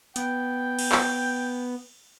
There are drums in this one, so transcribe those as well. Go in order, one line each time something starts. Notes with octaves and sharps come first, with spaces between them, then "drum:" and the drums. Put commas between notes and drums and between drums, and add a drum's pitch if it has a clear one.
B3 G5, drum: hi-hat
drum: cymbal
drum: clap